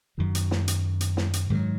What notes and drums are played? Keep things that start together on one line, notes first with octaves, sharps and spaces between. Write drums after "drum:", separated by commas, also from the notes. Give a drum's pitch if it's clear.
F#2 D#3 F#3
drum: hi-hat
drum: snare
drum: hi-hat
drum: hi-hat
drum: snare
drum: hi-hat
G#2 D#3 F#3